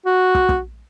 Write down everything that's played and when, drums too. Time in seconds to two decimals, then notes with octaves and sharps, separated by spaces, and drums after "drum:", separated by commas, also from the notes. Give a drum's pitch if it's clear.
0.06 F#4
0.35 drum: kick
0.49 drum: kick